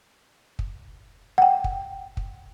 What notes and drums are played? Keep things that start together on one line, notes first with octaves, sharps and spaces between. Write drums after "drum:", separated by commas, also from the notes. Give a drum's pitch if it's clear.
drum: kick
F#5 G5
drum: kick
drum: kick